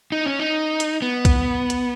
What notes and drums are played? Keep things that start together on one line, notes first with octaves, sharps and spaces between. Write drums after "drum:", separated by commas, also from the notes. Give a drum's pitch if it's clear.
D#4
C#4
D#4
drum: hi-hat
B3
drum: kick B1, hi-hat
drum: hi-hat